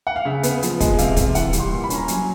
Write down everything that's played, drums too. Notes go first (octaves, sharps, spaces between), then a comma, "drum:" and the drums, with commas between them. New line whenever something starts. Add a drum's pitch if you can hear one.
F#5
F5
C#3 E5
B3, drum: hi-hat
F3, drum: hi-hat
G#3, drum: kick, hi-hat
C3 F5, drum: hi-hat
C3, drum: kick, hi-hat
E3 F#5, drum: hi-hat
G3, drum: hi-hat
C6
A#2 C6
B5
C#4, drum: hi-hat
A#5
F#3 G#5, drum: hi-hat